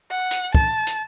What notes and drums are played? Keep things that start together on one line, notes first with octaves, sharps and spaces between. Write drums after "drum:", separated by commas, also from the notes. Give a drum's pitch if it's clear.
F#5
drum: hi-hat
A5, drum: kick
drum: hi-hat